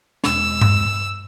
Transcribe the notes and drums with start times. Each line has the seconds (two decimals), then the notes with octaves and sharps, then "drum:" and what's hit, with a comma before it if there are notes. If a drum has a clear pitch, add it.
0.24 E2 B2 G#3 E6, drum: snare
0.61 drum: tom G2